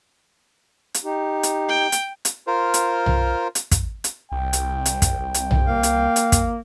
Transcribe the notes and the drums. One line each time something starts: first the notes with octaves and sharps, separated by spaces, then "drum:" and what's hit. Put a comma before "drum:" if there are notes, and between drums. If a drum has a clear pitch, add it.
drum: hi-hat
D#4 G4
drum: hi-hat
G5
drum: hi-hat
drum: hi-hat
F4 A#4 C5
drum: hi-hat
drum: tom B1
drum: hi-hat
drum: kick, hi-hat
drum: hi-hat
C2 G5
drum: hi-hat
drum: hi-hat
drum: kick, hi-hat
drum: hi-hat
drum: tom B1
A#3 F5
drum: hi-hat
drum: hi-hat
drum: kick, hi-hat